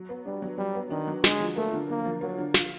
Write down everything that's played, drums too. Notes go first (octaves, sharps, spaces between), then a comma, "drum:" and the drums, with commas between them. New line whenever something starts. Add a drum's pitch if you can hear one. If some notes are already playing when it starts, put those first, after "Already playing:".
Already playing: F#3
B3
G3 D4
F#3
F#3 G3
B3
D#3 D4
F#3
D3 G#3, drum: snare
F3
A3 A#3
D3
D3 A#3
F3
F#3 A#3
D3
F4, drum: snare